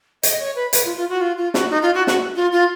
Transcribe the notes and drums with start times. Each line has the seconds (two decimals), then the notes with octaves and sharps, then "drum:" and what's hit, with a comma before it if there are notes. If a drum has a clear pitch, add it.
0.23 D#5, drum: hi-hat
0.40 C#5
0.55 B4
0.73 B4, drum: hi-hat
0.85 F4
0.96 F4
1.09 F#4
1.21 F4
1.38 F4
1.54 F#4, drum: snare
1.70 D#4
1.82 F4
1.95 F#4
2.07 F#4, drum: snare
2.36 F4
2.52 F4